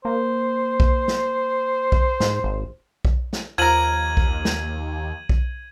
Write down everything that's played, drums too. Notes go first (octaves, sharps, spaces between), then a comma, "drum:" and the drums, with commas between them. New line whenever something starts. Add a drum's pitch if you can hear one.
A#3 C5
drum: kick B1
drum: snare
drum: kick B1
G#2, drum: snare
G#1
drum: kick B1
drum: snare
D#2 F3 A#4 G#6 D#7 F#7
drum: kick B1
drum: snare
drum: kick B1